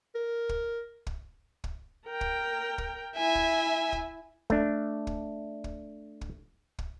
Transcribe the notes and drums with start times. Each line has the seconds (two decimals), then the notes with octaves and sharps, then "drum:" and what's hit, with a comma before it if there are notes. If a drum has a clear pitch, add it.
0.15 A#4
0.49 drum: kick
1.07 drum: kick
1.64 drum: kick
2.07 A#4 G5
2.21 drum: kick
2.78 drum: kick
3.16 E4 E5 G#5
3.35 drum: kick
3.93 drum: kick
4.50 A3 D4, drum: kick
5.07 drum: kick
5.64 drum: kick
6.21 drum: kick
6.79 drum: kick